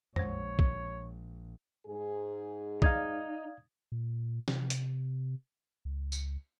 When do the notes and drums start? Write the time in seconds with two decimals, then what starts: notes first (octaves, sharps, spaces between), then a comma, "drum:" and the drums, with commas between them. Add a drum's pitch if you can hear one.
0.16 A#1 G#3 C5 C#5, drum: tom F2
0.59 drum: kick B1
1.86 G#2 G#4
2.82 D#4 D5 F5 D#6 G#6, drum: kick B1
3.92 A#2
4.48 C3, drum: snare
4.70 drum: hi-hat
5.85 C#2
6.12 drum: tambourine